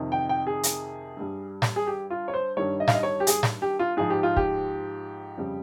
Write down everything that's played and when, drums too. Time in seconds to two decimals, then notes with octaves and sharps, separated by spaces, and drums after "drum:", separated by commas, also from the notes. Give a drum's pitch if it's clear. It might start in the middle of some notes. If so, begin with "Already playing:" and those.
Already playing: F2 C3 D#3
0.12 G5
0.29 G5
0.47 G#4
0.63 drum: hi-hat
1.17 G2 G3
1.62 drum: snare
1.76 G#4
1.87 G4
2.10 F4
2.28 C#5
2.34 C5
2.57 G2 D#3 G3 C#5
2.80 D#5
2.88 F5, drum: snare
2.95 D#5
3.03 C#5
3.20 G4
3.27 G#4, drum: hi-hat
3.43 drum: snare
3.62 G4
3.79 F4
3.97 G#2 F3 G#4
4.10 G4
4.23 F4
4.37 G4, drum: kick
5.37 F2 C#3 G3